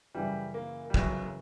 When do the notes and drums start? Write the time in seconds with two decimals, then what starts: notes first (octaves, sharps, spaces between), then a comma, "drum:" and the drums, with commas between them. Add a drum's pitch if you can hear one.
0.15 F#2 C#3 E3 G3
0.54 A#3
0.90 G3
0.94 F#2 C#3 E3 F#3, drum: kick